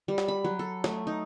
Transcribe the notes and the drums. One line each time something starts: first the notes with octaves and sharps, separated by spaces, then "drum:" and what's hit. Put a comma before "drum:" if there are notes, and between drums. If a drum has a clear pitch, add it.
G3
drum: snare
B5
F#3
A4
A3, drum: snare
D#4